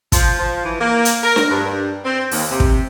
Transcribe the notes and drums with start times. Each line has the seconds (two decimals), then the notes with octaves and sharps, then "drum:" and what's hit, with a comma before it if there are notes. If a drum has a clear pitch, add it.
0.12 F3, drum: kick, hi-hat
0.39 F3
0.65 E3
0.80 A#3
1.05 drum: hi-hat
1.23 A#4
1.36 drum: snare D4
1.50 G2
2.05 C4
2.31 D#2, drum: open hi-hat
2.50 C3
2.60 drum: kick